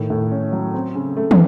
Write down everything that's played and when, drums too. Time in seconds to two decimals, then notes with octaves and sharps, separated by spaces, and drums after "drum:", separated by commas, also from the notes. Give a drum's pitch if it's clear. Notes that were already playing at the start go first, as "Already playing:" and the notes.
Already playing: A2 D#3
0.10 A2
0.31 C#4
0.52 F#3
0.74 C4
0.95 C#3
1.17 A3
1.31 drum: tom